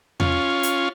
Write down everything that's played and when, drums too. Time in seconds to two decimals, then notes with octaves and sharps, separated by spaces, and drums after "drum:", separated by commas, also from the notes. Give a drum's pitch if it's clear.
0.20 C#4 F4, drum: tom E2
0.63 drum: hi-hat